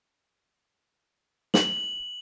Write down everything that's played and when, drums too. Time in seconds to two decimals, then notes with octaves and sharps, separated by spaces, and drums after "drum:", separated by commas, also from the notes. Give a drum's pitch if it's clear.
1.54 F#7, drum: snare